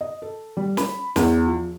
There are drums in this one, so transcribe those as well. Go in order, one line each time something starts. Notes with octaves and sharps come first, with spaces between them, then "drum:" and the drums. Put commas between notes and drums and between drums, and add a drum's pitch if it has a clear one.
D#5
A4
G3
B5, drum: snare
E2, drum: snare
F3